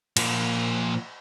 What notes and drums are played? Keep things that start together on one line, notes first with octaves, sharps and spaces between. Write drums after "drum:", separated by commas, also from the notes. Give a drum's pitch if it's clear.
A#2 F3, drum: cymbal